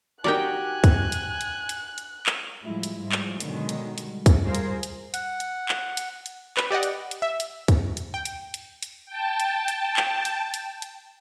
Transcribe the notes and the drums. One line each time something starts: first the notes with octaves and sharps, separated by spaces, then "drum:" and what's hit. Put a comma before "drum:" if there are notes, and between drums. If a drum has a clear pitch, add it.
D#4 F#4 G4 A#4 D5 G5 G#5 F#6
drum: kick, hi-hat
drum: hi-hat
drum: hi-hat
drum: hi-hat
drum: hi-hat
drum: clap
A2 F3 G3 G#3 E4
drum: hi-hat
G#2 F3 G3 G#3
drum: clap
B2 D3 D#3 F#3 G#3, drum: hi-hat
drum: hi-hat
G3, drum: hi-hat
drum: kick, hi-hat
G3 A3 F4 G#4 A#4 C5
drum: hi-hat
drum: hi-hat
F#5, drum: hi-hat
drum: hi-hat
drum: clap
drum: hi-hat
drum: hi-hat
B4, drum: clap
G4 D5 D#5 F#5
drum: hi-hat
drum: hi-hat
E5
drum: hi-hat
drum: kick, hi-hat
drum: hi-hat
G5
drum: hi-hat
drum: hi-hat
drum: hi-hat
G5 A5
drum: hi-hat
drum: hi-hat
drum: clap
drum: hi-hat
drum: hi-hat
drum: hi-hat